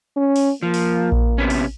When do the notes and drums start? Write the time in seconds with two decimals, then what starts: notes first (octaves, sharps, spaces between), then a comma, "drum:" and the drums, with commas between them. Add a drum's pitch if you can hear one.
0.17 C#4
0.36 drum: open hi-hat
0.63 F3 A#3
0.74 drum: open hi-hat
1.12 drum: kick A#1
1.38 C3 B3 C#4
1.50 drum: open hi-hat